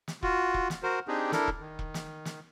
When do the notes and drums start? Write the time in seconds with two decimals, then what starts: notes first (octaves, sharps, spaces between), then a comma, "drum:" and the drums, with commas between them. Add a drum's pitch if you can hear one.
0.08 drum: snare
0.23 F4 F#4, drum: kick E1
0.54 drum: kick E1
0.70 drum: snare
0.83 F#4 A#4 C5
1.08 C4 D4 D#4 G4 G#4
1.32 D4 E4 A4 A#4, drum: snare
1.48 drum: kick E1
1.61 D#3
1.79 drum: kick E1
1.94 drum: snare
2.25 drum: snare